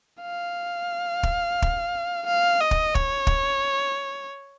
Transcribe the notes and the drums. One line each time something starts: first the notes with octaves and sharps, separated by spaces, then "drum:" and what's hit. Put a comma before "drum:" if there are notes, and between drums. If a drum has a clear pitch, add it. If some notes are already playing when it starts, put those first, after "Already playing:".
F5
drum: kick
drum: kick
F5
D#5
drum: kick
C#5, drum: kick
drum: kick